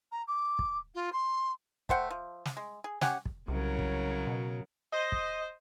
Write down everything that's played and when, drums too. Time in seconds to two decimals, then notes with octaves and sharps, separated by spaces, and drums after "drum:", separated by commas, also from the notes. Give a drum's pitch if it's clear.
0.11 A#5
0.27 D6
0.59 drum: kick
0.94 F4
1.12 C6
1.89 A3 C5 F#5 G5, drum: kick
2.11 F3
2.45 drum: snare
2.57 G#3
2.84 G#4
3.01 C#4 G4 F#5 G#5, drum: snare
3.25 drum: kick
3.48 C2 C#3 F#3 A#4
3.79 drum: kick
4.27 B2
4.92 C5 D#5
5.12 drum: kick